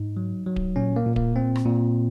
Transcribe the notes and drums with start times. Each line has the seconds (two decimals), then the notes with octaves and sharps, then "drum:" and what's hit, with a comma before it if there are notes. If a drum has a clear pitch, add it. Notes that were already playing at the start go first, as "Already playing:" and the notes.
Already playing: G#2 D#4
0.17 F#3
0.47 F#3
0.56 drum: kick D1
0.76 A#2 C#4
0.96 A#3
1.06 A#2
1.16 A#3, drum: kick D1
1.36 A#2 C4
1.56 drum: rim click
1.65 A#2